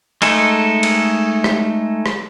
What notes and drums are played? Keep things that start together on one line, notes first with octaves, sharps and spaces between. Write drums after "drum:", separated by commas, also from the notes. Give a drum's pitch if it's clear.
G#3 A3 D#4 A4, drum: cymbal
drum: cymbal
drum: rim click
drum: rim click